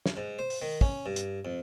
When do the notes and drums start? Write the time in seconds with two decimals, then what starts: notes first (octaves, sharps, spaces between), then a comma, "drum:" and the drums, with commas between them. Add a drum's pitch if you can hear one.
0.06 drum: snare
0.17 G#2
0.39 C5
0.50 drum: open hi-hat
0.62 D#3
0.81 C#4, drum: kick
1.06 G2
1.16 drum: hi-hat
1.45 F2